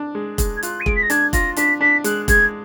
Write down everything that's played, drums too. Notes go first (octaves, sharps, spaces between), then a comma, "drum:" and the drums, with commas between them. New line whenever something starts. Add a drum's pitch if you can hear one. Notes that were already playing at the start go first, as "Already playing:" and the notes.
Already playing: D4
G#3
G#3, drum: kick, hi-hat
G#6
F4 F#6, drum: hi-hat
D#7
G#3 D7, drum: kick
B6
A#6
D4 G#6, drum: hi-hat
F4 A#6, drum: kick, hi-hat
D4 B6, drum: hi-hat
D4 B6
G#3 F#6, drum: hi-hat
G#3 G#6, drum: kick, hi-hat